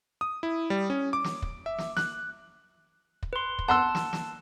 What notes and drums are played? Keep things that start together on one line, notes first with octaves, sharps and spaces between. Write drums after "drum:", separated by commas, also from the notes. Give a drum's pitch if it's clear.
D#6
E4
G3
C#4
D6
drum: snare
drum: kick
E5
drum: snare
F#6, drum: snare
drum: kick
B4 C6
drum: kick
F#5 A5 C6 E6
drum: snare
drum: snare